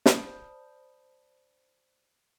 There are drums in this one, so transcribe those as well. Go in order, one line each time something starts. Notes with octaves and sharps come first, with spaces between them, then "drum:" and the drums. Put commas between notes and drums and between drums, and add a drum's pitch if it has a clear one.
C5 D5 A5 B5 D#6 G6, drum: snare